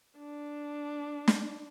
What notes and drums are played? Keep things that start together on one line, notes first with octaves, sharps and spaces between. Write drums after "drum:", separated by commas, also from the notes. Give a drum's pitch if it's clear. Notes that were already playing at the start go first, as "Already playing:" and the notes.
D4
drum: snare